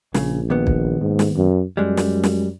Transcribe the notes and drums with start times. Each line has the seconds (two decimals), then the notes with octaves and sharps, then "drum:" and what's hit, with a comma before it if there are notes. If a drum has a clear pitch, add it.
0.14 A#1 C#3, drum: snare
0.50 D#2 B3
0.67 drum: kick
1.01 G#2
1.19 drum: snare
1.36 F#2
1.77 F#2 G3 G#3
1.97 drum: snare
2.24 drum: snare